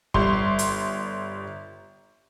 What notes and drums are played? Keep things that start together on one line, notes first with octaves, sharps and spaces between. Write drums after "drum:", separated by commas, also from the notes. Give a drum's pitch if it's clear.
G1 G3 C6, drum: kick
drum: hi-hat